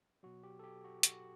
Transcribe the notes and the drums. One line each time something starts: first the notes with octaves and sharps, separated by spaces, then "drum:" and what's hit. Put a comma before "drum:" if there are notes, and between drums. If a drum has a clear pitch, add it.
B2 F#3 F#4
G4
A4
G4
F#4
F#4, drum: hi-hat